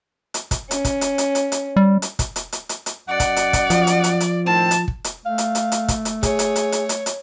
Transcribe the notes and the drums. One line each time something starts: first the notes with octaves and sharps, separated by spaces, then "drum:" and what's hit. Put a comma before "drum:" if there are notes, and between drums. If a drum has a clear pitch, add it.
drum: hi-hat
drum: kick, hi-hat
C#4, drum: hi-hat
drum: kick, hi-hat
drum: hi-hat
drum: hi-hat
drum: hi-hat
drum: hi-hat
G3
drum: hi-hat
drum: kick, hi-hat
drum: hi-hat
drum: hi-hat
drum: hi-hat
drum: hi-hat
F#2 D5 D#5 F#5
drum: kick, hi-hat
drum: hi-hat
drum: kick, hi-hat
F3, drum: hi-hat
drum: hi-hat
drum: hi-hat
drum: hi-hat
A2 D#3 C4 A5
drum: hi-hat
drum: kick
drum: hi-hat
A3 F5
drum: hi-hat
drum: hi-hat
drum: hi-hat
drum: kick, hi-hat
drum: hi-hat
G#4 C#5, drum: kick, hi-hat
drum: hi-hat
drum: hi-hat
drum: hi-hat
drum: hi-hat
drum: hi-hat